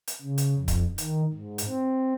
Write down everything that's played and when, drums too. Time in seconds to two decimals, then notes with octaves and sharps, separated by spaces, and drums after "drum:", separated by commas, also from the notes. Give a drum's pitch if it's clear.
0.07 drum: hi-hat
0.22 C#3
0.38 drum: hi-hat
0.57 F2
0.68 drum: kick C#1, hi-hat
0.98 D#3, drum: hi-hat
1.33 G#2
1.58 drum: hi-hat
1.67 C4